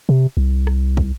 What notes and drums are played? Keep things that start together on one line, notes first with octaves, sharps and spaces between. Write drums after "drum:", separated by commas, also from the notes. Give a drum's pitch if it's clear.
C3
C2
drum: rim click
drum: kick